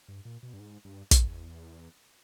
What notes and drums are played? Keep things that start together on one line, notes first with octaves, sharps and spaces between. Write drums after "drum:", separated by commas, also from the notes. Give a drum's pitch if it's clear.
G2
A#2
B2
G2
G#2
G2
E2, drum: kick, hi-hat
G2
E2